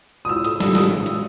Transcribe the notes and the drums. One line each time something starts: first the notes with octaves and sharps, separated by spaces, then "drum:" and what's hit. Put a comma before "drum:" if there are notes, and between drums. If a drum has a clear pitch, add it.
D#6
E4 E6
A4 D#6, drum: hi-hat
A4 E6, drum: snare
G#4 D#6, drum: snare
G#3
G#3, drum: hi-hat